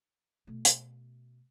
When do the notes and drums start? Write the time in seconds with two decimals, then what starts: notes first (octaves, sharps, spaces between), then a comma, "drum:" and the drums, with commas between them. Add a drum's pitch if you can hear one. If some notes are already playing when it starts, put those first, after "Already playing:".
0.47 B2 A3
0.65 drum: hi-hat